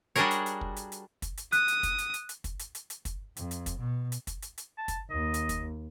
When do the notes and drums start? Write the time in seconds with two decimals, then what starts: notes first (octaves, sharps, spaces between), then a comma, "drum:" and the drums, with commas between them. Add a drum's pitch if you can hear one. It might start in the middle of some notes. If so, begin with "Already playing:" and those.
0.16 G3 D4 F#4 G#4 A#4 C#5, drum: hi-hat
0.31 drum: hi-hat
0.46 drum: hi-hat
0.61 drum: kick
0.76 drum: hi-hat
0.92 drum: hi-hat
1.22 drum: kick, hi-hat
1.37 drum: hi-hat
1.52 D#6 F#6, drum: hi-hat
1.68 drum: hi-hat
1.83 drum: kick, hi-hat
1.98 drum: hi-hat
2.14 drum: hi-hat
2.29 drum: hi-hat
2.44 drum: kick, hi-hat
2.59 drum: hi-hat
2.75 drum: hi-hat
2.90 drum: hi-hat
3.05 drum: kick, hi-hat
3.37 F2, drum: hi-hat
3.51 drum: hi-hat
3.66 drum: kick, hi-hat
3.78 B2
4.12 drum: hi-hat
4.27 drum: kick, hi-hat
4.42 drum: hi-hat
4.58 drum: hi-hat
4.78 A5
4.88 drum: kick, hi-hat
5.11 D#2 D#5
5.34 drum: hi-hat
5.49 drum: kick, hi-hat